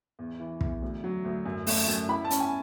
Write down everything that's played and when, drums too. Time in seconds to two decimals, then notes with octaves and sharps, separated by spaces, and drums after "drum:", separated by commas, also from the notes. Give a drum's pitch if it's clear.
0.19 E2
0.40 E3
0.61 E2, drum: kick
0.82 D2
1.04 F#3
1.25 D2
1.46 F#2
1.67 A3, drum: open hi-hat
1.87 F#2
2.09 E4 B5
2.25 A5
2.30 C#4, drum: hi-hat
2.40 G#5